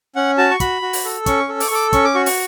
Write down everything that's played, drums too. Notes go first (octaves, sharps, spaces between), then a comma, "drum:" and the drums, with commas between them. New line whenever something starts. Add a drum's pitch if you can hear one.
C#4 F#5
F#4 A5
C#6
F#4 B5, drum: kick, hi-hat
F#4
drum: open hi-hat
A4
C#4 C#6, drum: kick, hi-hat
A4
D6, drum: open hi-hat
C#6
A4 D6
C#4 C#6, drum: kick, hi-hat
D6
F#4 C#6
C#6, drum: open hi-hat